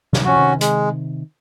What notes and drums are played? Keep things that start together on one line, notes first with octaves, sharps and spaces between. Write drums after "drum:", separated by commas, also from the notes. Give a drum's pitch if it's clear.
C3 D#3, drum: snare
F3 C#4 F#4
C3 D#3
G#3, drum: hi-hat